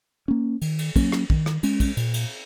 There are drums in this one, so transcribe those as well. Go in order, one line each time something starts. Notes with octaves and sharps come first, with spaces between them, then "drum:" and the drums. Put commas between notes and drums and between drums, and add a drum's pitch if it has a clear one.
A#3 C#4
D#3, drum: cymbal
drum: cymbal
F#3 A#3 C#4, drum: kick, cymbal
drum: rim click
D#3, drum: kick
drum: rim click
G#3 C#4, drum: cymbal
drum: kick, cymbal
A#2, drum: cymbal
drum: cymbal